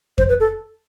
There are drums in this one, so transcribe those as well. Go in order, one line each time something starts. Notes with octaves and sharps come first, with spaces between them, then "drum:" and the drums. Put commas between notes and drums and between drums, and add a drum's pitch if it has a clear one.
C5, drum: kick F2
B4
A4